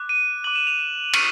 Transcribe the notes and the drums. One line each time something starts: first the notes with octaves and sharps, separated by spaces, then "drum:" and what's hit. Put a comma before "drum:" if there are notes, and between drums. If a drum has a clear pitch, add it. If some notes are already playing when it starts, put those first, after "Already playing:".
Already playing: D6 F#6
D#7
D6 F#6 F#7
E7
F7
E7
C#6 D#7, drum: cymbal